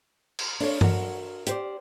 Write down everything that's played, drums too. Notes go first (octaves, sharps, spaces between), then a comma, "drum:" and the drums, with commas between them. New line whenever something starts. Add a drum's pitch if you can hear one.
drum: cymbal
D4 A4 C#5, drum: open hi-hat
F#4 A#4, drum: tom G2
G4 C5 D5, drum: hi-hat